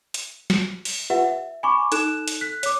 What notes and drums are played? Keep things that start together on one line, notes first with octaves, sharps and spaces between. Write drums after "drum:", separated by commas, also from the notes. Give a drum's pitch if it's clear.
drum: hi-hat
drum: snare
drum: open hi-hat
F4 G4 B4 E5 F#5
E5
G#5 B5 C#6 D6
D#4 A4 F#6 E7, drum: hi-hat
drum: hi-hat
F#6 B6
C#5 D6, drum: hi-hat